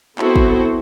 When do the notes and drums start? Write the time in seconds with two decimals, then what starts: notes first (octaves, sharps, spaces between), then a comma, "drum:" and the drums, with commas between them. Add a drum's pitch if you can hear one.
0.19 B3 C4 E4 F#4 A4 C5, drum: clap
0.36 drum: kick